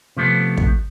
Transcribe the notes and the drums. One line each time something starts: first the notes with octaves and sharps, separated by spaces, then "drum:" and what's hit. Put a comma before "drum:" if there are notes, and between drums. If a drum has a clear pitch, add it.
C3 F3 A3 B3
drum: kick